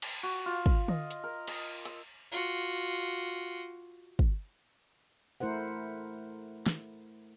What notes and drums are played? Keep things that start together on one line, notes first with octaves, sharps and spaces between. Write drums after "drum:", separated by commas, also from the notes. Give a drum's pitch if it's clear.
drum: cymbal
F#4
F4
drum: kick
D#5, drum: tom D3
drum: hi-hat
A#4
D#5, drum: cymbal
E6, drum: hi-hat
F4 F#4
drum: kick
A3 E4 A#4 C5 F#5
drum: snare